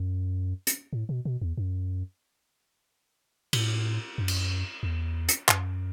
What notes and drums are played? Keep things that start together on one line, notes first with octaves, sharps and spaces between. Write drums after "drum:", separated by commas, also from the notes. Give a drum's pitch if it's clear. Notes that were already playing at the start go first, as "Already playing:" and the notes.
Already playing: F#2
drum: hi-hat
A2
B2
B2
E2
F#2
A2, drum: cymbal
F#2
drum: cymbal
E2
drum: hi-hat
F#2, drum: clap